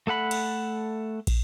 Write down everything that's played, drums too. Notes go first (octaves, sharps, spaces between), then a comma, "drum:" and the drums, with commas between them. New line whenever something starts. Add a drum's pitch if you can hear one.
A3 A4 F#5 B5
drum: cymbal
drum: kick, cymbal